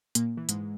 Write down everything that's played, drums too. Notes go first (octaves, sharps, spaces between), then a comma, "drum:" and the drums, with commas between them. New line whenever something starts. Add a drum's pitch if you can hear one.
A#2 A#3, drum: hi-hat
E3
G#2 G#3, drum: hi-hat